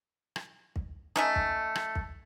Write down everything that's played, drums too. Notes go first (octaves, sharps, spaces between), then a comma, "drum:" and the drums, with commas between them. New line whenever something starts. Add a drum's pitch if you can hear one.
drum: rim click
drum: kick
A3 C#4 D#4, drum: rim click
drum: kick
drum: rim click
drum: kick